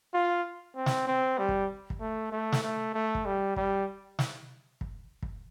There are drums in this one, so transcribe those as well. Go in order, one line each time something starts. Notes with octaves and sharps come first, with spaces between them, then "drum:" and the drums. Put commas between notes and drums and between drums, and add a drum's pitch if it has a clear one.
F4
C4
drum: snare
C4
G3
drum: kick
drum: kick
A3
A3
drum: snare
A3
A3
drum: kick
G3
G3, drum: kick
drum: snare
drum: kick
drum: kick